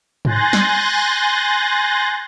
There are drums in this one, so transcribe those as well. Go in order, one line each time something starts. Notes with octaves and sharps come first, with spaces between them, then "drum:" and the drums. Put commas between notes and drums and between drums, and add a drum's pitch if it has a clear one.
G#5 C6 F#6 G6 A6 A#6, drum: tom G#2
drum: snare